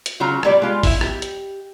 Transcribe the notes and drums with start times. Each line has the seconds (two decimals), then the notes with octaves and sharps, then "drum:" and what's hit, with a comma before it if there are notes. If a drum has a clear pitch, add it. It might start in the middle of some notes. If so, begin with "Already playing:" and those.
0.06 drum: hi-hat
0.20 C#3 F#3 F4 G#5 A#5
0.43 A2 G3 D5, drum: rim click
0.62 G#3 F4 G4
0.83 E4 E5, drum: kick, open hi-hat
1.01 G4, drum: rim click
1.22 drum: hi-hat